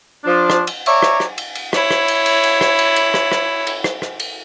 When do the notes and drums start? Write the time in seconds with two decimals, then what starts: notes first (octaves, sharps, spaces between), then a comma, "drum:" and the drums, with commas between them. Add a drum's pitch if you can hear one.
0.24 F3 D4
0.50 drum: rim click
0.67 drum: cymbal
0.86 C#5 D5 E5 A#5, drum: cymbal
1.02 drum: rim click
1.20 drum: rim click
1.38 drum: cymbal
1.55 drum: cymbal
1.73 E4 C#5, drum: rim click
1.91 drum: rim click
2.08 drum: cymbal
2.26 drum: cymbal
2.43 drum: cymbal
2.61 drum: rim click
2.79 drum: cymbal
2.96 drum: cymbal
3.14 drum: rim click
3.32 drum: rim click
3.67 drum: cymbal
3.84 drum: rim click
4.02 drum: rim click
4.20 drum: cymbal